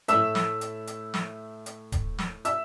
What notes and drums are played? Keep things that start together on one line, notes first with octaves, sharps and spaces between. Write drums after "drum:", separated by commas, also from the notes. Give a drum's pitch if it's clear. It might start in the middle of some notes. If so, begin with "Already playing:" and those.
A2 A3 E5 E6, drum: hi-hat
drum: snare
drum: hi-hat
drum: hi-hat
drum: snare
drum: hi-hat
drum: kick D1, hi-hat
drum: snare
E5 E6, drum: hi-hat